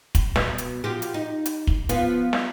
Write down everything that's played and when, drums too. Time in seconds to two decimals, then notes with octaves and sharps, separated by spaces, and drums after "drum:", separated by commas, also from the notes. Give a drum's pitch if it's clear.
0.15 drum: kick, hi-hat
0.36 B2, drum: snare
0.58 drum: hi-hat
0.84 F3 F#4 G4
1.02 drum: hi-hat
1.14 D#4
1.46 drum: hi-hat
1.67 drum: kick
1.89 F3 B3 F4, drum: hi-hat
2.33 drum: snare